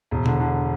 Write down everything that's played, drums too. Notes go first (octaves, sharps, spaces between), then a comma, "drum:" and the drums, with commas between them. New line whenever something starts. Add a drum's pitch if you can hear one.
E1
D3, drum: tom A#2
D3